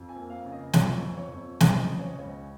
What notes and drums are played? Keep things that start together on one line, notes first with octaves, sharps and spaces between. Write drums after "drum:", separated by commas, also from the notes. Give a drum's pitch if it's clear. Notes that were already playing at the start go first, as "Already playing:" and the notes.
Already playing: F2
G#5
A#3
F5
C#3
D#5
F2 C#5, drum: snare
F2
C#5
F2
C#3 D#5, drum: snare
C#3 D#5
C#5
D#5
C#2 C#5